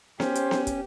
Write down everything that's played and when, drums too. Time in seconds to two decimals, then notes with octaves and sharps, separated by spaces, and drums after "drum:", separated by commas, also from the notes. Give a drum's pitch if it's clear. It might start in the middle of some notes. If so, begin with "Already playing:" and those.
0.20 C#4 G4 C5, drum: snare B3
0.35 drum: hi-hat
0.51 drum: snare B3
0.67 drum: kick, hi-hat